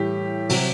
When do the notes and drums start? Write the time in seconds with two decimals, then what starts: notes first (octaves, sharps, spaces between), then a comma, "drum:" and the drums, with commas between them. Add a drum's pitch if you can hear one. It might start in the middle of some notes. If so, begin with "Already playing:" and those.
Already playing: A2 E3 G3 G4
0.49 C3 F#3, drum: open hi-hat